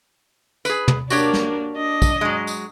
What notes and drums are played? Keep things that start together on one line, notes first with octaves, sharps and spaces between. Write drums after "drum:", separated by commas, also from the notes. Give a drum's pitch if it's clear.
G#4 B4, drum: tambourine
drum: tom
A#3 D4 F#4 G4 C#5, drum: tambourine
drum: snare
D4 D#5
drum: kick, tambourine
F#3 G#3
drum: tambourine